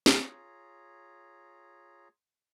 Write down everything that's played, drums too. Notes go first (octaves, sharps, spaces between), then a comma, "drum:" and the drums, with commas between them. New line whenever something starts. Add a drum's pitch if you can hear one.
drum: snare
F4 G#4 C#5 A#5